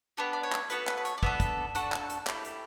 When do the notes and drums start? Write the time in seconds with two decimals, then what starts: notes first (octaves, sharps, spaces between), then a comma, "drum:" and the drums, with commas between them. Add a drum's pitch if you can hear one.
0.17 B3 D4 G4 A4
0.33 D5
0.43 C#5
0.52 drum: clap
0.70 B3 F#4 A4 B4, drum: hi-hat
0.87 B4, drum: clap
0.98 B4
1.05 C#5, drum: hi-hat
1.18 D5
1.23 B3 D4 A4 E5, drum: kick
1.40 drum: kick, hi-hat
1.75 D4 F#4 A4, drum: hi-hat
1.92 drum: clap
2.10 drum: hi-hat
2.27 A3 E4 G4, drum: clap
2.45 drum: hi-hat